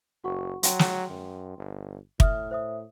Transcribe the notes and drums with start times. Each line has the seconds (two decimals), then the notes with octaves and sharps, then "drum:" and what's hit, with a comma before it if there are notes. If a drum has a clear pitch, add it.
0.24 F#1 F#4 F#5 C#6
0.63 F#3 G5 C6, drum: hi-hat
0.79 drum: snare
1.10 F#2
1.58 G1
2.20 A2 E5 D#6 F6, drum: kick
2.51 C5 E5 D#6